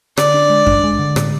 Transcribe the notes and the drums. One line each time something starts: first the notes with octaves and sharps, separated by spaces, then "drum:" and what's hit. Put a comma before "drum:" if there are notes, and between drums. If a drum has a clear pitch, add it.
D3 D5, drum: rim click
D4
G#3
D4, drum: kick F#2
G#3
D3
A2, drum: rim click